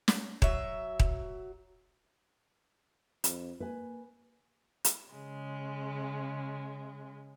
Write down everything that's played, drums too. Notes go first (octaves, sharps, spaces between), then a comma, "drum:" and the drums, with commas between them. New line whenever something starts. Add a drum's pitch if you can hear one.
drum: snare
F#3 E5, drum: kick D#1
drum: kick D#1
F2, drum: hi-hat
A#3 B4 G#5
drum: hi-hat
C#3 G#3